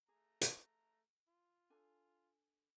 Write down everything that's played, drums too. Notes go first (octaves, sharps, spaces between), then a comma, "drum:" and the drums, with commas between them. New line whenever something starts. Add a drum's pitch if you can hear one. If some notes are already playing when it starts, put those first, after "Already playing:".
A3 G#4 A#5
drum: hi-hat
F4
D4 A4 G#5